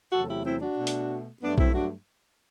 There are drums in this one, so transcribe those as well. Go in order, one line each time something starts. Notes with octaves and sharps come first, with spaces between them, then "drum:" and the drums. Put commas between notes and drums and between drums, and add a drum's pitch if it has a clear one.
E2 C3 F#3 A3 F#4 A4
E4 G4
C4 E4
D4 F#4
B2 A3
drum: hi-hat
G2 F#3 A3 B3 D4
C4 E4, drum: kick B1
D4 F#4